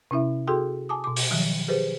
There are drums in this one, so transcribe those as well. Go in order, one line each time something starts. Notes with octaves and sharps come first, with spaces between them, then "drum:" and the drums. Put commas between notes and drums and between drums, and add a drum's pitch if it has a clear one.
C3 C#4 E4 E5
F#4 G#4 A4 G5 C6 D#6
G#5 A5 D6 D#6
B2 D6
drum: open hi-hat
D#3 F3 F#3
G4 G#4 B4 C5